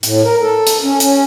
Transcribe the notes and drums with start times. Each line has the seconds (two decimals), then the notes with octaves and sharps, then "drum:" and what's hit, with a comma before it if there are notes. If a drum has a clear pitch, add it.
0.03 A2, drum: hi-hat
0.24 A#4
0.41 A4
0.67 drum: hi-hat
0.83 C#4
1.00 C#4, drum: hi-hat